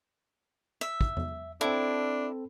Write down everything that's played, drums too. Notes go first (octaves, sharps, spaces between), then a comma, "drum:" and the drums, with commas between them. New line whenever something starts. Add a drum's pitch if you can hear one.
E5
drum: kick
drum: tom E2
C4 D4 E4 A4